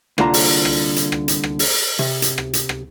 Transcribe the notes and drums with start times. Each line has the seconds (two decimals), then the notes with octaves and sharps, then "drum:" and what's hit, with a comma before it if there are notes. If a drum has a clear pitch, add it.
0.18 C2 D3 A#3 F4 A#5, drum: rim click
0.34 drum: open hi-hat
0.65 drum: rim click
0.96 drum: hi-hat
1.12 drum: rim click
1.28 drum: hi-hat
1.44 drum: rim click
1.59 drum: open hi-hat
1.99 C3
2.22 drum: hi-hat
2.38 drum: rim click
2.53 drum: hi-hat
2.69 drum: rim click